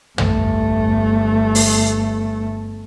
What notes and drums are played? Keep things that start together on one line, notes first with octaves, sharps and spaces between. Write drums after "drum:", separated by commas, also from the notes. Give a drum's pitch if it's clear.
G1 A3, drum: tom
drum: open hi-hat